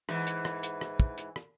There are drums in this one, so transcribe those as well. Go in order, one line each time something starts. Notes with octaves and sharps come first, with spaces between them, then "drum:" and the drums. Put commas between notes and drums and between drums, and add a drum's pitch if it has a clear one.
G#2 E3, drum: rim click
drum: hi-hat
drum: rim click
drum: hi-hat
drum: rim click
drum: kick
drum: hi-hat
drum: rim click